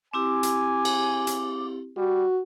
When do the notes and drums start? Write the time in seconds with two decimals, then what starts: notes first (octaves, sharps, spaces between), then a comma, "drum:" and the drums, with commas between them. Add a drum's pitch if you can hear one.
0.14 C4 E4 G4 G#5 D6
0.43 drum: hi-hat
0.85 drum: cymbal
1.27 drum: hi-hat
1.97 G3 F#4